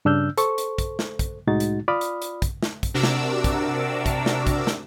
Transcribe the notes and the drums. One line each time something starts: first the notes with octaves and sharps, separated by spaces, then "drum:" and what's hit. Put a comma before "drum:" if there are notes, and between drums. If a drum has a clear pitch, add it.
G2 C#3 D4 E6 F6 G6
A4 C5 C#6, drum: hi-hat
drum: hi-hat
drum: kick, hi-hat
drum: snare
drum: kick, hi-hat
C2 A2 G#3 D#4 F#4 A6
drum: hi-hat
F4 D5 B5 D#6 F6
drum: hi-hat
drum: hi-hat
drum: kick, hi-hat
drum: snare
drum: kick, hi-hat
C3 D4 F#4 A#4 D6 E6
drum: snare
drum: kick, hi-hat
drum: kick, hi-hat
drum: snare
drum: kick, hi-hat
drum: snare